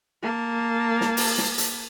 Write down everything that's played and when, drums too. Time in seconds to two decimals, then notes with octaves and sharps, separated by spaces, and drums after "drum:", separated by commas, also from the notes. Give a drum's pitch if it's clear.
0.22 A#3 A5
1.01 drum: snare
1.17 drum: open hi-hat
1.38 drum: snare
1.58 drum: hi-hat